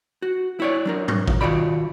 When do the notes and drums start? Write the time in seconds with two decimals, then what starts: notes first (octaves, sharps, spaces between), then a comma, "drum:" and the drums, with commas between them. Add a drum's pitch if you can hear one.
0.22 F#4
0.60 E4 C#5 D5
0.85 F#3 D4 A#4
1.08 drum: tom G#2
1.28 drum: kick
1.41 D#3 F4 F#4 D5 B5